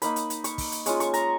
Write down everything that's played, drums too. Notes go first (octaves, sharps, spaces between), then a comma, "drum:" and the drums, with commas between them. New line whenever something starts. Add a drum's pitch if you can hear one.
A#3 D#4 B5, drum: hi-hat
drum: hi-hat
drum: hi-hat
C#6, drum: hi-hat
drum: kick, open hi-hat
drum: hi-hat
G#3 C#4 F4 C#6, drum: hi-hat
C#6, drum: hi-hat
A#5, drum: hi-hat